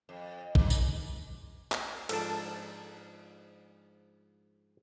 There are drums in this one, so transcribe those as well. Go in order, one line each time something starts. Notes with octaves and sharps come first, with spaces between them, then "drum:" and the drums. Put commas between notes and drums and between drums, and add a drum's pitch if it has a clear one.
F2
G#2, drum: kick
drum: tambourine
drum: clap
G#2 F3 D4 A4 A5, drum: cymbal